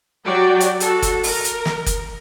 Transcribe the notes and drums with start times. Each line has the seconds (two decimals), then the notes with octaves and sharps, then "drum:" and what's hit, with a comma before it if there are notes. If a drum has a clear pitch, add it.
0.24 F#3 F#4 G4 D5 G5
0.60 drum: hi-hat
0.80 F#4 A4, drum: hi-hat
1.02 drum: kick F#1, hi-hat
1.23 A#4, drum: open hi-hat
1.44 drum: hi-hat
1.65 drum: snare
1.86 drum: kick F#1, hi-hat